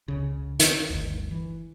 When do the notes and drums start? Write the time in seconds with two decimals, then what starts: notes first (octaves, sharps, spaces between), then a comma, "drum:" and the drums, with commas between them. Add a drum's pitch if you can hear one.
0.08 C#2 C#3
0.59 D#3, drum: hi-hat
0.90 G1 D2
1.31 E3